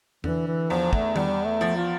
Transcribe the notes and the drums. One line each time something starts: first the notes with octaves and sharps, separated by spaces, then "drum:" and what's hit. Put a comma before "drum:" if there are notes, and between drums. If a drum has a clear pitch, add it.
D3 E3, drum: tom E2
E3
E2 F3
A3, drum: kick
E2 G3, drum: tom D#3
A3
F3
F4